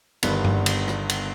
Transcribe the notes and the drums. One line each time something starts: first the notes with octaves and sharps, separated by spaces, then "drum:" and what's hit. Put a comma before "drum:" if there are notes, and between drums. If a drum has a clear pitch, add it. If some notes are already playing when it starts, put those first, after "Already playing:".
G1 G2 D#3 B3, drum: cymbal
drum: tom G2
drum: cymbal
drum: rim click
drum: cymbal